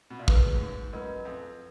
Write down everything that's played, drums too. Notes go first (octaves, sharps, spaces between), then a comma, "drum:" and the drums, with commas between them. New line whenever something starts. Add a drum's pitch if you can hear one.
B2
A#2
G#2 G#4 B4 F#5, drum: kick
F#2
G#2
F#2 F4 B4 D#5
F2